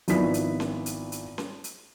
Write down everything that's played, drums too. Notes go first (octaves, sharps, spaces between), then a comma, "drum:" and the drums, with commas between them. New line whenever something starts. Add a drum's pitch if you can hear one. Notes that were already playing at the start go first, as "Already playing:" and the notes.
G#1 F3 B3 D#4 E4 B6, drum: hi-hat
drum: hi-hat
drum: snare C#4
drum: hi-hat
drum: hi-hat
drum: snare C#4
drum: hi-hat